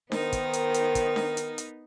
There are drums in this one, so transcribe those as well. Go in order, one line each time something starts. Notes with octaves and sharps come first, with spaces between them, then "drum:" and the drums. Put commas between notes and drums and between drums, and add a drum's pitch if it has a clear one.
D#3 B3 D#4 A#4 C5, drum: snare D4
drum: kick, hi-hat
drum: hi-hat
drum: hi-hat
drum: kick, hi-hat
drum: snare D4
drum: hi-hat
drum: hi-hat